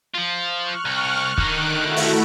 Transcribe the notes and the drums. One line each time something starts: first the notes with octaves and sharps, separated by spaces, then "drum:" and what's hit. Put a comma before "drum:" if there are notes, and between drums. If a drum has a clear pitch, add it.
F3 F4
C#6 F6 F#6
C2
D3 D#3 D#4 F#6 D7, drum: kick
A3 E4 F#4
drum: open hi-hat